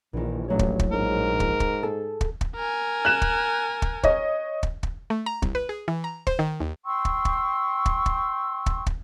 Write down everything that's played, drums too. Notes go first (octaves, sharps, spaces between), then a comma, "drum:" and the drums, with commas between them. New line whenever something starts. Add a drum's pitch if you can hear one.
A#1 A#2 D#3 E3
A1 A2 F#3 C#5
drum: kick
drum: kick
G#2 A#4
drum: kick
drum: kick
G#4 A4 A5
drum: kick
drum: kick
A#4 G#5
F#6 E7
drum: kick
drum: kick
C#5 D#5, drum: kick
drum: kick
drum: kick
A3
A#5
C2, drum: kick
B4
G#4
E3
A#5
C5, drum: kick
D#3
D#2
G5 C6 C#6 E6
drum: kick
drum: kick
drum: kick
drum: kick
drum: kick
drum: kick